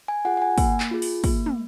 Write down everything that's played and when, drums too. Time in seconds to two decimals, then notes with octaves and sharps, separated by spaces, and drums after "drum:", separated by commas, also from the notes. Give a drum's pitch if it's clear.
0.08 G#5
0.25 F4 G#4 F#5
0.37 F#5
0.42 G#5
0.58 A#3, drum: kick, open hi-hat
0.80 drum: clap
0.91 F4 G#4
1.02 drum: open hi-hat
1.24 A#3, drum: kick, open hi-hat
1.46 drum: tom